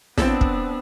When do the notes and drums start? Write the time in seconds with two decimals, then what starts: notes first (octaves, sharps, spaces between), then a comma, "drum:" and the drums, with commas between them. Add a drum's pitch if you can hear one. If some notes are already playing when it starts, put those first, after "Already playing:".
0.18 B3 C4 D4 A4, drum: snare
0.41 drum: kick